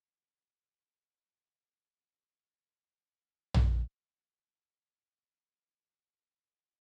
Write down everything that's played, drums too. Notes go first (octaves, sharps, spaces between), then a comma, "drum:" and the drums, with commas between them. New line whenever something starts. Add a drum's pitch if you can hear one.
E5 G5 A#5 C#6
A3 C#4 D4 F4 G#4
drum: tom A#1
D3 F3 G3 A#3 F4 F#4
A4 C#5
B5 D#6 E6